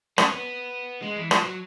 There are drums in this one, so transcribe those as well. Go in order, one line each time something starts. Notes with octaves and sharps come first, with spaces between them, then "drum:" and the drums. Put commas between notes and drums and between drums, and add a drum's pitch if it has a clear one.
C#4, drum: rim click
B3
G#3
E3
F3, drum: rim click
F#3